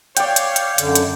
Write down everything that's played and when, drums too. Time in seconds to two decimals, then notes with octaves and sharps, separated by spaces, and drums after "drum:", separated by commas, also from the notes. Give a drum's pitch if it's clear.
0.17 C#5 D5 F5 G5, drum: hi-hat
0.36 drum: hi-hat
0.56 drum: hi-hat
0.78 F#2 D3, drum: hi-hat
0.95 drum: hi-hat